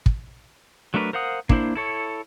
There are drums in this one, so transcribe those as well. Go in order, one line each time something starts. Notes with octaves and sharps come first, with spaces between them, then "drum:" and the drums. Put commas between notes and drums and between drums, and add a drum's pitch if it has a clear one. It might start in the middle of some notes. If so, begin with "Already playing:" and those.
drum: kick
F#3 A3 D4 A#4 B4
A#4 C5 F5 F#5 D#6
A#3 D4 E4 C5, drum: kick
E4 A4 C#5